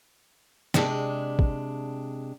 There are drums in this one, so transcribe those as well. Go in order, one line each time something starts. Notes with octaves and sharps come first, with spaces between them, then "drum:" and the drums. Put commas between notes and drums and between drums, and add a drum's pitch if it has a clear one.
C3 G#3 D4, drum: snare
drum: kick